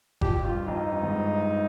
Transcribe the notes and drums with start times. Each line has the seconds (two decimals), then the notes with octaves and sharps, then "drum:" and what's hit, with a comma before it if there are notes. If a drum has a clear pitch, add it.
0.21 F2 G4, drum: kick F#1
0.45 G2 F4
0.68 F2 D#4
0.92 G2
1.03 G#2
1.15 G2